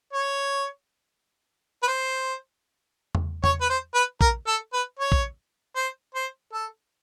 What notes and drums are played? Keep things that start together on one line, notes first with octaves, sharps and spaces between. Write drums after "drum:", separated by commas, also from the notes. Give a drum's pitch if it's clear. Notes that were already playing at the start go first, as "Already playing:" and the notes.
C#5
B4
C5
drum: tom E2
C#5, drum: tom E2
B4
C5
B4
A#4, drum: kick A#1
A4
B4
C#5
drum: kick A#1
C5
C5
A4